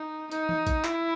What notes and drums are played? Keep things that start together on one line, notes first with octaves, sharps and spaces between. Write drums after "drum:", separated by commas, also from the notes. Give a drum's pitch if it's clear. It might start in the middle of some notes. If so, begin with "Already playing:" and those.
Already playing: D#4
D#4, drum: hi-hat
drum: tom E3
drum: kick A1, hi-hat
E4, drum: clap